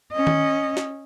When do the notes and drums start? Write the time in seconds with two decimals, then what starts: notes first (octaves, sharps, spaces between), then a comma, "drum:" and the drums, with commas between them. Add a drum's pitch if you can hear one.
0.13 C#4 D#5
0.27 drum: tom D#3
0.77 drum: snare